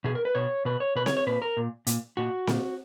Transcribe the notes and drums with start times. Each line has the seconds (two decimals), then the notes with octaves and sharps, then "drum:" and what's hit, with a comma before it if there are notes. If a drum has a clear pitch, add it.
0.04 B2 G#4
0.15 A#4
0.25 B4
0.35 B2 C#5
0.65 B2 B4
0.80 C#5
0.96 B2 B4
1.06 C#5, drum: snare C4
1.17 C#5
1.27 A#2 B4
1.42 A#4
1.57 A#2
1.87 A#2, drum: hi-hat
2.17 A#2 F#4
2.47 A#2, drum: snare C4